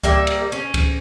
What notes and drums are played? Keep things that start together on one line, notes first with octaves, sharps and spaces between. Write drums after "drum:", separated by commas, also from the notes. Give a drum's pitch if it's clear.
G3 A#3 E5 G5, drum: kick C#2
drum: cymbal
C#4
drum: kick C#2, cymbal